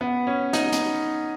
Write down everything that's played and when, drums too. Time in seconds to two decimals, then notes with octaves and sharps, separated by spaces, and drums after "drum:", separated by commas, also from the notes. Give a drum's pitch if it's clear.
0.01 B3
0.27 C#4
0.53 D#4, drum: hi-hat
0.72 drum: hi-hat